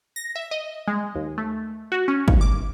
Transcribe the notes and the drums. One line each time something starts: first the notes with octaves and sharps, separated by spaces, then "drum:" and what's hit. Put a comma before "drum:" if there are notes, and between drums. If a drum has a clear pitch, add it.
A#6
E5
D#5
G#3
D#2
A3
F#4
C#4
D#2, drum: kick
D6